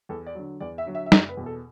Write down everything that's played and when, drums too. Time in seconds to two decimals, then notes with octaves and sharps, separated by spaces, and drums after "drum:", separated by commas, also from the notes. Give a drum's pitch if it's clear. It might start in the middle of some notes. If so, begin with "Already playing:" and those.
0.09 E2 A4
0.26 D5
0.35 D3 F#3
0.60 E2 D5
0.78 E5
0.86 D3 F#3
0.95 E5
1.06 E5
1.12 F#1 D5, drum: snare
1.29 B4
1.37 E2 B2
1.46 A4